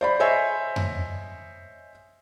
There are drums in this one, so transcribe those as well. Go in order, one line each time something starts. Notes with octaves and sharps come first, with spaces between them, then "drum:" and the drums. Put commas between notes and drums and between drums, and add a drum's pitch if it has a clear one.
C5 D5 B5
C5 C#5 D#5 E5 G#5
drum: tom F2